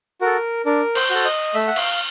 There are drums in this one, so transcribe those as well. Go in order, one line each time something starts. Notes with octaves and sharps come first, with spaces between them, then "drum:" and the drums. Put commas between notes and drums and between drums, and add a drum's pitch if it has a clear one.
F#4 A4 A#4
D4 A#4
C5, drum: cymbal
F#4 A4
D#5
A3 E5
F#5
F5, drum: cymbal